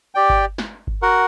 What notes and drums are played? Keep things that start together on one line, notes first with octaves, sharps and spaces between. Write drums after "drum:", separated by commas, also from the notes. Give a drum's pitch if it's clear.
G4 D5 G5
drum: kick G1
drum: snare
drum: kick G1
F#4 A#4 F#5